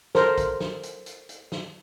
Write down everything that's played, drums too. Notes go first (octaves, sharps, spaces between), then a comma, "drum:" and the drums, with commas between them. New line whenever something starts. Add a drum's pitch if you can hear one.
A4 A#4 C5, drum: snare
drum: kick, hi-hat
drum: snare
drum: hi-hat
drum: hi-hat
drum: hi-hat
drum: snare